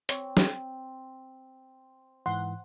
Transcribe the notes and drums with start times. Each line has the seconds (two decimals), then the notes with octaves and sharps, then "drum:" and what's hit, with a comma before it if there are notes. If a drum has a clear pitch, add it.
0.09 C4 C#5, drum: hi-hat
0.37 drum: snare
2.26 G#2 E3 F#5 C6